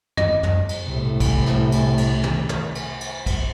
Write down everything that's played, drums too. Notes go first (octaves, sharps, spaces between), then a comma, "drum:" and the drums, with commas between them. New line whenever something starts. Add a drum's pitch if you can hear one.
D#5, drum: tom
drum: tom
drum: cymbal
C2 A2
drum: kick, cymbal
drum: snare
drum: cymbal
drum: cymbal
drum: tom
drum: tom
drum: cymbal
drum: cymbal
drum: kick, cymbal